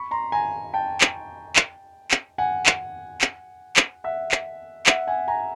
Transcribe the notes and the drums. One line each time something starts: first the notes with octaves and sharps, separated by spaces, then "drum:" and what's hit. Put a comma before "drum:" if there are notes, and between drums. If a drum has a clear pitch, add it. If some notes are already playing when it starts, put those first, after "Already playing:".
Already playing: B5 C#6
A#5 C6
G#5 A#5
G5 A5
drum: clap
drum: clap
drum: clap
F#5 G#5
drum: clap
drum: clap
drum: clap
E5 F#5
drum: clap
E5 F#5, drum: clap
F#5 G#5
G#5 A#5